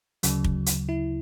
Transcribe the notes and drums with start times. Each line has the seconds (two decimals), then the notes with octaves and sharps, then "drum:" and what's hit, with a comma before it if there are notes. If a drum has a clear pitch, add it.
0.23 D2 C#3 F#3, drum: hi-hat
0.44 drum: kick
0.66 drum: hi-hat
0.89 E4